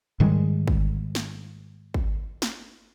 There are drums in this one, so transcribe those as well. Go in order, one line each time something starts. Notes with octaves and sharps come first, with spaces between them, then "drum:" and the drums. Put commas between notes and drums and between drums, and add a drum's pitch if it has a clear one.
G#2 D#3 G3 G#3
drum: kick
drum: snare
drum: kick
drum: snare